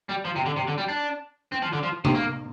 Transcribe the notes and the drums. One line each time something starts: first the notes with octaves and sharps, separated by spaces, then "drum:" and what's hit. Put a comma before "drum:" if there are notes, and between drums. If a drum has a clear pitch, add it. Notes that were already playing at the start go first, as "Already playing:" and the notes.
G3
F3
C3
D3
C3
D3
G3
D4
C4
F3
D3
F3
C3, drum: tom C3
A#3